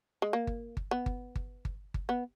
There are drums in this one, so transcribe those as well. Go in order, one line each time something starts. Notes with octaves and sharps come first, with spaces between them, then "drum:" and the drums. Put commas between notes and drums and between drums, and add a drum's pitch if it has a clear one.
G#3
A#3
drum: kick G1
drum: kick G1
B3
drum: kick G1
drum: kick G1
drum: kick G1
drum: kick G1
B3